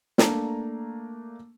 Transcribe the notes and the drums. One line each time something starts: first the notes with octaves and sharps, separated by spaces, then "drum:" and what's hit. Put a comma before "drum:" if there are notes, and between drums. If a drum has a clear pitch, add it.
A3 A#3 D4 A#5, drum: snare